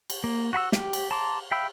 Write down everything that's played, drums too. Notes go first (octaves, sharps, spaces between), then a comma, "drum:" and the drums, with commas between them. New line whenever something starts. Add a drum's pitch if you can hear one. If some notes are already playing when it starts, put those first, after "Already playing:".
drum: cymbal
A#3
F#4 F#5 B5 E6
G4 G5, drum: snare
drum: cymbal
A5 A#5 C6 D6
E5 F5 G5 B5 E6